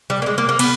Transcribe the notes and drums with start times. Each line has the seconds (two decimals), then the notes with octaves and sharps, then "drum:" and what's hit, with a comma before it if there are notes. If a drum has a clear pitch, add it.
0.10 G3
0.22 A#3
0.26 G#3
0.38 A#3
0.49 A#3
0.59 B3, drum: cymbal